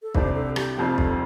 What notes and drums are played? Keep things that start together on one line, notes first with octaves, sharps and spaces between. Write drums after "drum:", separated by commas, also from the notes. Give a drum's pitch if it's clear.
A4
C2 C3 G3 D4 C5, drum: kick
A4
G4, drum: rim click
F1 F2 F3 C4 G4
G4
A4, drum: kick